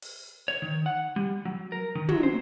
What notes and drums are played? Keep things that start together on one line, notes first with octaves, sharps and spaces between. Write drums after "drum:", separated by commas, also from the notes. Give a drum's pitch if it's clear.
drum: open hi-hat
C#5
D#3
F#5
G3
F#3
A#4
D#3
F#3, drum: tom
C5